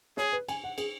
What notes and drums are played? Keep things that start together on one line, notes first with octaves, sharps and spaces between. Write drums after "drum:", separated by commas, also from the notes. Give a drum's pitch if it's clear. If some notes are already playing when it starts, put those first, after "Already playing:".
G#4 C#5, drum: snare
B4
G#5, drum: cymbal
F#5
G#4, drum: cymbal